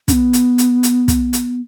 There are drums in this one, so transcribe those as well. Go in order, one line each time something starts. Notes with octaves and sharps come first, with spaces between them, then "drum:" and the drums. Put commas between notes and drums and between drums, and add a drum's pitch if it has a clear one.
C#4, drum: kick, hi-hat
B3
drum: hi-hat
drum: hi-hat
drum: hi-hat
drum: kick, hi-hat
drum: hi-hat